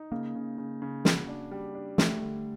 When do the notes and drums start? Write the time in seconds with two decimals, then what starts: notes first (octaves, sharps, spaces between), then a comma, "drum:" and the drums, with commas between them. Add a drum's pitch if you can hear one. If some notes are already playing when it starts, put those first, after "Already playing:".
Already playing: D#4
0.12 C#3 A#3
0.35 C#3
0.58 C#3
0.82 C#3
1.05 F#4, drum: snare
1.28 D4
1.51 G3
1.75 D4
1.98 G3 A3, drum: snare
2.22 D3